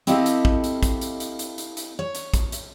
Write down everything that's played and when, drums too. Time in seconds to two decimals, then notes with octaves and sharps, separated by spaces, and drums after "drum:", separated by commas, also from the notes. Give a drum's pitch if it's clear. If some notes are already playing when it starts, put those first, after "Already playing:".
0.07 C4 E4 G4 A4 D#5 F5, drum: hi-hat
0.26 drum: hi-hat
0.45 drum: kick
0.64 drum: hi-hat
0.83 drum: kick, hi-hat
1.01 drum: hi-hat
1.20 drum: hi-hat
1.39 drum: hi-hat
1.58 drum: hi-hat
1.77 drum: hi-hat
1.99 C#5
2.15 drum: hi-hat
2.34 drum: kick, hi-hat
2.52 drum: hi-hat